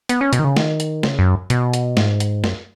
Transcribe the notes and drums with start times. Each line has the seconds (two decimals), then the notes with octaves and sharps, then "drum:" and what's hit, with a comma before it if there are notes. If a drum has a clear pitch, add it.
0.09 B3, drum: hi-hat
0.21 C#4
0.33 B2, drum: hi-hat
0.39 D#3
0.44 C#3
0.57 D#3, drum: snare
0.80 drum: hi-hat
1.03 C#3, drum: snare
1.19 F#2
1.50 B2, drum: hi-hat
1.73 drum: hi-hat
1.97 G#2, drum: snare
2.20 drum: hi-hat
2.44 F#2, drum: snare